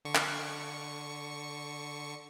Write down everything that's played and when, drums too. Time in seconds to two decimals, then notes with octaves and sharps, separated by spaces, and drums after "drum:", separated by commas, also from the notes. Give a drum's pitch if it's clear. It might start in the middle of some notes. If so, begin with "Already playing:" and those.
0.05 D3 C#6 C#7
0.15 drum: clap